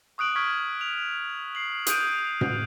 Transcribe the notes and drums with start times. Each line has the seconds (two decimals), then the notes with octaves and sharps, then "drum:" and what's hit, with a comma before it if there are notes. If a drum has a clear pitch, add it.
0.18 C#6 D#6 F#6 D7 F#7
0.36 C#6 F6 G#6 B6
0.81 F7
1.55 C7 F#7
1.87 D#6 F#6 G6 D7 D#7, drum: hi-hat
2.41 G6, drum: tom